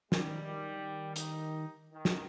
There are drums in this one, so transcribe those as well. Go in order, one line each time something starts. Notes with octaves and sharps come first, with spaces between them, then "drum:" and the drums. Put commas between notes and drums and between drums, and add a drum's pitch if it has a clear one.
D#3 G3, drum: snare
G3 D#4, drum: hi-hat
D#3
drum: snare